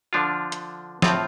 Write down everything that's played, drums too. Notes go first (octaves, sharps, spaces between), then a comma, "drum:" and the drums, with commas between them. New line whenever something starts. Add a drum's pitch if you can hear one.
D3 F3 D4 F4
drum: hi-hat
A2 F3 C4 F4, drum: snare